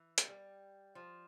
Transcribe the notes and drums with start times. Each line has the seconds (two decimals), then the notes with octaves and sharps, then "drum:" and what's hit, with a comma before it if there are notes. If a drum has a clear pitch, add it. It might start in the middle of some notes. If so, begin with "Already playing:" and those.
Already playing: E3
0.18 A3, drum: hi-hat
0.28 G3
0.95 F3